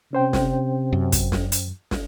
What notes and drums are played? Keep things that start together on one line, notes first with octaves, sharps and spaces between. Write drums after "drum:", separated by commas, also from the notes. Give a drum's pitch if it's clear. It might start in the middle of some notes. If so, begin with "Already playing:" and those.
C3 C#4 C5 G5
drum: snare
F#2
drum: kick, hi-hat
drum: snare
drum: hi-hat
drum: snare